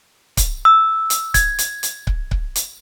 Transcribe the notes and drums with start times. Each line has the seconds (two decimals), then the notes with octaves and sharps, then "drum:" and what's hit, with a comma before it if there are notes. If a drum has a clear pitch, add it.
0.37 drum: kick C#1, hi-hat
0.65 E6
1.10 drum: hi-hat
1.34 G#6, drum: kick C#1, hi-hat
1.59 drum: hi-hat
1.83 drum: hi-hat
2.07 drum: kick C#1
2.31 drum: kick C#1
2.56 drum: hi-hat